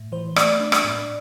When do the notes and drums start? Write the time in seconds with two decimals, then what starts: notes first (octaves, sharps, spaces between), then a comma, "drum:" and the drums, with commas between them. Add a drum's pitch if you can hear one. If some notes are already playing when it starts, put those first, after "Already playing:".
Already playing: A2
0.12 E3 C5
0.36 A3 D5, drum: rim click
0.60 D4
0.72 drum: rim click
0.84 A2